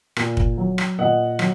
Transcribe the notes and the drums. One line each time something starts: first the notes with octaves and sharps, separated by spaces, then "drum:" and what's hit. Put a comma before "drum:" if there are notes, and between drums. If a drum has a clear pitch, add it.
A#2, drum: rim click
drum: kick
F#3
drum: rim click
A#2 D#5 F#5
F#3, drum: rim click